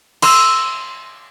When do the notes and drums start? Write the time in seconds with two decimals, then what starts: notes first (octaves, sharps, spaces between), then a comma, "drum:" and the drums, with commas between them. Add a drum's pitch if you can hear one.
0.22 C6 E6, drum: cymbal